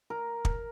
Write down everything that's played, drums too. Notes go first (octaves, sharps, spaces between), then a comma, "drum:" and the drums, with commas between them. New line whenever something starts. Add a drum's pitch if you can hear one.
A#4
drum: kick